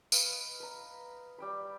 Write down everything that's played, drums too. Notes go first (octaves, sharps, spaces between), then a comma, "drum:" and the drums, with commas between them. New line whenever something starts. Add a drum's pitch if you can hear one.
B4 D#5 F5, drum: tambourine
B4 A#5
G3 G5 B5